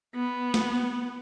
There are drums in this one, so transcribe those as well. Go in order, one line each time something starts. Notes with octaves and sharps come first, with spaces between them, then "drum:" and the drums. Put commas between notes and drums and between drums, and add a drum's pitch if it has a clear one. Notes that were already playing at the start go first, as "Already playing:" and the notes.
B3
drum: snare